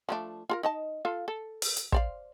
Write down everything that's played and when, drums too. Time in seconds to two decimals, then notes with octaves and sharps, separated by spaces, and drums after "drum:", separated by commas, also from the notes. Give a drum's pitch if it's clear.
0.09 F3 A3 D4
0.49 F4 A4 A#4
0.63 D#4 D#5 A5
1.05 F4 A4 F5
1.28 A4
1.62 drum: open hi-hat
1.77 drum: hi-hat
1.92 C5 D5 F5, drum: kick